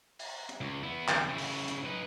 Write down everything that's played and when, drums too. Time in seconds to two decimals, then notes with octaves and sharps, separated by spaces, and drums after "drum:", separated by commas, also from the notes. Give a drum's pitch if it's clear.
0.19 drum: open hi-hat
0.49 drum: hi-hat
0.61 C#2
0.83 B3 E4
1.08 E2 D3, drum: clap
1.29 C#3 E4
1.38 drum: open hi-hat
1.68 drum: hi-hat
1.85 D#4 B4